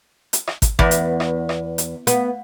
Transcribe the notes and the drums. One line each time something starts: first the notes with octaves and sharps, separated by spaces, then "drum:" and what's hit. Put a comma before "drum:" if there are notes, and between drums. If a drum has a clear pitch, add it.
drum: hi-hat
drum: rim click
drum: kick, hi-hat
E2 B3, drum: kick
drum: hi-hat
drum: rim click
drum: rim click
drum: hi-hat
B3, drum: hi-hat